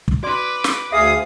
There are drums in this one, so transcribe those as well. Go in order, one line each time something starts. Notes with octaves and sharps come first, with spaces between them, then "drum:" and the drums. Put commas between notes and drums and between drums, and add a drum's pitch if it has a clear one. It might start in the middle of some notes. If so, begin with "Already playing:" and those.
drum: kick
F#4 B4 D5 C6 D6
drum: snare
D2 G#4 E5 F5 D#6